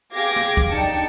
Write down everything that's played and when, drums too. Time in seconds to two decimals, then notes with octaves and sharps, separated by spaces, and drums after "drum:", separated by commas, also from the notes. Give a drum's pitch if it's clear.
0.15 G4 G#4 F5 D6 G#6 A#6
0.36 drum: snare
0.57 drum: kick
0.70 D4 D#4 G5 A5 C#7